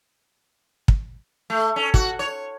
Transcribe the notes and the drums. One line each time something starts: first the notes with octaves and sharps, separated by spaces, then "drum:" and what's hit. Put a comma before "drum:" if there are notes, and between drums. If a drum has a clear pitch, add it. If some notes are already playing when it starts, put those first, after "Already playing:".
drum: kick
A3
C#4
F#4, drum: kick
C#5